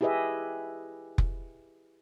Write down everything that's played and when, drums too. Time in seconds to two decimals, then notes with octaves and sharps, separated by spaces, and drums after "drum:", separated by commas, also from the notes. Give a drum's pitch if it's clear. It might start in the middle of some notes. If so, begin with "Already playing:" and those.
0.01 E4 G4 G#4 B4 D#5 E5
1.18 drum: kick F1